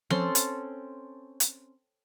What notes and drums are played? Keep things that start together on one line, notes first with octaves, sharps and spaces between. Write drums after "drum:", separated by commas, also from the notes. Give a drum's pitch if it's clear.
C4 C#4 A4 C6, drum: tom F3
drum: hi-hat
drum: hi-hat